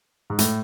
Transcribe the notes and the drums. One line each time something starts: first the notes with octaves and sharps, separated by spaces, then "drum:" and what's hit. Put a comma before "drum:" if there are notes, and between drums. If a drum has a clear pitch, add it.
G#2
A2, drum: hi-hat